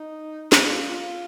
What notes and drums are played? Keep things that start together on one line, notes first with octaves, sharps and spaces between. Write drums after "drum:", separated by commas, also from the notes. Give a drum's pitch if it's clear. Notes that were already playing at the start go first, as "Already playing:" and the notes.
Already playing: D#4
F4, drum: snare
F4